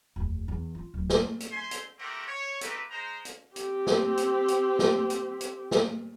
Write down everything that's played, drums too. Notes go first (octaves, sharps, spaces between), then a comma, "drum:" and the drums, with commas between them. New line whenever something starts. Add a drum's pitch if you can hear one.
F1 D#2
E2
F4
D1
drum: snare
drum: hi-hat
C5 E5 G#5 C6
drum: hi-hat
A3 A#3 C4 F#4 G4 A#4
C#5
A3 A#3 C4 D#4 G4 B4, drum: hi-hat
G#3 C5 A#5
drum: hi-hat
C4 G4, drum: hi-hat
drum: snare
drum: hi-hat
drum: hi-hat
drum: snare
drum: hi-hat
drum: hi-hat
drum: snare